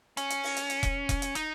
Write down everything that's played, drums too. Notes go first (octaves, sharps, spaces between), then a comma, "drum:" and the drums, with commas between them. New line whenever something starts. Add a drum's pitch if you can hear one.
C#4, drum: hi-hat
drum: hi-hat
drum: open hi-hat
drum: hi-hat
drum: hi-hat
drum: kick E1, hi-hat
drum: kick E1, hi-hat
drum: hi-hat
D#4, drum: hi-hat